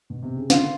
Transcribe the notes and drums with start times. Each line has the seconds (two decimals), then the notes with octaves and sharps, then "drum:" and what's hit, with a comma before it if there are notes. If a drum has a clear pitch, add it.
0.10 B2
0.23 C3
0.36 C#3
0.50 D3 F4, drum: snare